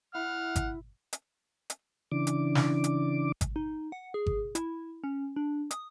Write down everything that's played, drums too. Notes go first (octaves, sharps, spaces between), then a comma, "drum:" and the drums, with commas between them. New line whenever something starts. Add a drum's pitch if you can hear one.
E4 F#5 F6
drum: kick G#1, hi-hat
drum: hi-hat
drum: hi-hat
C#3 E3 D4 D6
drum: hi-hat
drum: snare
drum: hi-hat
drum: kick G#1, hi-hat
D#4
F#5
G#4
drum: kick G#1
E4, drum: hi-hat
C#4
D4
D#6, drum: hi-hat